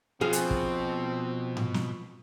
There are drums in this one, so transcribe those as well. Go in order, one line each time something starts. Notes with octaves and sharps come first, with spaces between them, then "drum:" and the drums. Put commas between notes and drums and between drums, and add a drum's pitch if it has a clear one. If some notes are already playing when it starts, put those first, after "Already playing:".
B2 F3 C4 G#4 F5
drum: hi-hat
drum: kick
drum: tom G#2
drum: snare